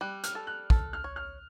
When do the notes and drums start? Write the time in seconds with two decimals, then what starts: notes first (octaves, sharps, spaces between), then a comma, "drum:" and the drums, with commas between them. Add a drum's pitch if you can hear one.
0.01 G3 F#6
0.24 F6, drum: hi-hat
0.35 A4
0.47 F#6
0.70 A4, drum: kick
0.93 F6
1.04 C#5
1.16 F6